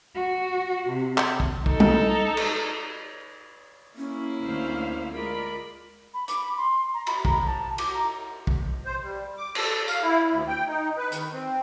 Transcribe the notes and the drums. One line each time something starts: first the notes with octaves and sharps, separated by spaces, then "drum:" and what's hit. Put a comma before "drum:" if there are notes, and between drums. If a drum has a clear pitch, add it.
F#4
C3
drum: clap
drum: kick
D#4 A4, drum: kick
drum: tom
drum: cymbal
A#3 C#4 E4
D2 C5 F5
G#3 F4 A#4 D5 B5
B5
D6, drum: hi-hat
B5
C6
A#5
B5, drum: cymbal
A#5, drum: kick
A5
D6, drum: cymbal
A#5
drum: kick
C5
G3
D6
A4, drum: cymbal
F5, drum: tambourine
E4
D2
G5
D#4
B4
D#3, drum: hi-hat
C4